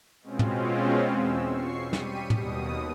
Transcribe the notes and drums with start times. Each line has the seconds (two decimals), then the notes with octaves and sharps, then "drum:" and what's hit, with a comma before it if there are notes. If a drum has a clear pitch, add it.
0.22 B2 G#3 C4 C#4 F4
0.39 drum: tom
1.09 E2 E6
1.45 C#6 C7
1.93 G3 G4 B6 C#7 D#7, drum: snare
2.30 D#2 B2 D#6, drum: tom